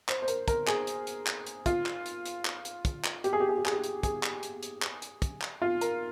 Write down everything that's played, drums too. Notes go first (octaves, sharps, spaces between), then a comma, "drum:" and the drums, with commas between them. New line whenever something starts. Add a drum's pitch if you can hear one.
C5, drum: clap
C5
A#4, drum: hi-hat
A#4, drum: kick, hi-hat
G#4, drum: clap
drum: hi-hat
drum: hi-hat
drum: clap
drum: hi-hat
F4, drum: kick, hi-hat
drum: clap
drum: hi-hat
drum: hi-hat
drum: clap
drum: hi-hat
drum: kick, hi-hat
drum: clap
G4, drum: hi-hat
G#4
G4
G#4
G4
G#4, drum: clap
G4
drum: hi-hat
G#4, drum: kick, hi-hat
drum: clap
drum: hi-hat
drum: hi-hat
drum: clap
drum: hi-hat
drum: kick, hi-hat
drum: clap
F4
A#4, drum: hi-hat